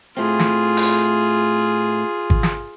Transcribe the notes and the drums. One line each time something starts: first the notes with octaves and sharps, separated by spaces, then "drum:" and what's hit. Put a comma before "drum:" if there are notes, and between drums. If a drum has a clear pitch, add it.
A2 A3 C4 F4 G#4
drum: snare
drum: open hi-hat
drum: kick G#1
drum: snare